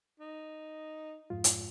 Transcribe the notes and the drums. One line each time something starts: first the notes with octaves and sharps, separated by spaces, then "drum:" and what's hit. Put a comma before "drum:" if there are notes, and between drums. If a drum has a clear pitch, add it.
D#4
F2 G#2 F4
drum: hi-hat